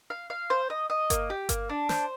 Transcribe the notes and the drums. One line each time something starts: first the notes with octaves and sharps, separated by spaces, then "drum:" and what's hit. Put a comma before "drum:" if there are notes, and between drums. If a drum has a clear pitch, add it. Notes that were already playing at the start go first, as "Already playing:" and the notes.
F5
F5
C5
D#5
D#5
A#3, drum: kick G1, hi-hat
G4
A#3, drum: kick G1, hi-hat
D4
C5, drum: snare